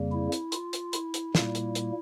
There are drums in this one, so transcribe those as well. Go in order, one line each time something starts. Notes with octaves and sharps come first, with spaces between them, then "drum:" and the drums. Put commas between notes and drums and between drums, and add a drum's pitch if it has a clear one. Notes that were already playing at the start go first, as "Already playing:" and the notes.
Already playing: F2 C#3 G3 A#3
E4
drum: hi-hat
F4, drum: hi-hat
drum: hi-hat
E4, drum: hi-hat
drum: hi-hat
A#2 G3 A#3, drum: snare
drum: hi-hat
drum: hi-hat